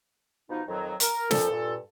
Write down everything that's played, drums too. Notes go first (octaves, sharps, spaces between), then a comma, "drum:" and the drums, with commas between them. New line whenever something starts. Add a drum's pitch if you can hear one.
B2 F3 D#4
F2 D#3 F#3
A#4, drum: hi-hat
F2 A#2 F3 A4, drum: snare
G2 A#2